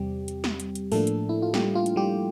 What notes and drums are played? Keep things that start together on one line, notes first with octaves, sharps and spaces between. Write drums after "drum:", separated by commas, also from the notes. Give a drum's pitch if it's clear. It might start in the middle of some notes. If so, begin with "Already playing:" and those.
Already playing: E2 C3 G3 C4 G4
drum: hi-hat
drum: snare
drum: hi-hat
drum: hi-hat
A2 F3 A3 A#3 D4 A4, drum: open hi-hat
drum: hi-hat
E4
F4
G3 G4, drum: snare
F4
drum: hi-hat
G3 G4